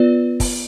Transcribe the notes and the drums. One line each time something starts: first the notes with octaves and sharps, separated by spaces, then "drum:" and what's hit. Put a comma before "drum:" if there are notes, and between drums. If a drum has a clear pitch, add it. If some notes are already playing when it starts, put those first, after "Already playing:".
Already playing: B3 F4 B4 D5
drum: kick, open hi-hat